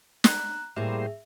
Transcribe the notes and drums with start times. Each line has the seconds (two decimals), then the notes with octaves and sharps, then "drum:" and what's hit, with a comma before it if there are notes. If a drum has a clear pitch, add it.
0.24 A#5 F#6, drum: snare
0.77 A2 G3 A#3 G#4 C5 E5